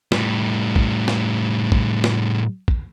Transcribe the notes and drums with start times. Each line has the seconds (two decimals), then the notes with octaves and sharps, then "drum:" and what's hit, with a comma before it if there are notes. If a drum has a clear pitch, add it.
0.12 A2 G3, drum: snare
0.76 drum: kick
1.08 drum: snare
1.72 drum: kick
2.04 drum: snare
2.68 drum: kick